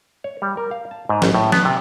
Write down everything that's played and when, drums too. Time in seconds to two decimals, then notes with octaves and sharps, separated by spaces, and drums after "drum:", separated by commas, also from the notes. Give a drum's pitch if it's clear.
0.24 C#5
0.42 G3
0.57 A#4
0.71 F5
0.91 A5
1.09 G#2
1.22 A1, drum: snare
1.34 A2
1.52 B3, drum: snare
1.65 C3